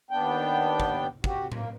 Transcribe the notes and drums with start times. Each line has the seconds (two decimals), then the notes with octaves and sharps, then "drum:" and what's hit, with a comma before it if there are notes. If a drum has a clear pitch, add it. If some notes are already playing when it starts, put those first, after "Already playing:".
0.11 D#2 B3 D4 G5
0.80 drum: kick
1.24 F#4 G4, drum: kick
1.52 A#3, drum: tom A2